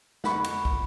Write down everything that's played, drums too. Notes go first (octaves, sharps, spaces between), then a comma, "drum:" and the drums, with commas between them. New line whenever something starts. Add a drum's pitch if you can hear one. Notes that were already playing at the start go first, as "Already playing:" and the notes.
F#5 B5 C#6, drum: snare
drum: cymbal
drum: kick